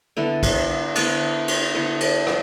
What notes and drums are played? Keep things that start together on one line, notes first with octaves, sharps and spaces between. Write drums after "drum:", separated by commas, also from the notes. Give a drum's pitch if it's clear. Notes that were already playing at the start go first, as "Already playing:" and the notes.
D3 B3 E4 A4
drum: kick, cymbal
D3 B3 E4 A4, drum: cymbal
drum: cymbal
D3 B3 E4 A4
drum: cymbal
drum: rim click